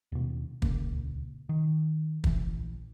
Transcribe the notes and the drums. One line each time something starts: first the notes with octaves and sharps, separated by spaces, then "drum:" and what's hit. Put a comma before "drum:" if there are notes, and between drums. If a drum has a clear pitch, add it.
D#2 B2
D#1 C#2 A#3, drum: kick
D#3
A#1 E3, drum: kick